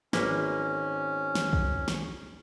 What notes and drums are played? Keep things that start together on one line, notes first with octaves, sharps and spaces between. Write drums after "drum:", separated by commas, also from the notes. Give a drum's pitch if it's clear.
G#1 A#3 C#4 B4, drum: snare
drum: snare
drum: kick
drum: snare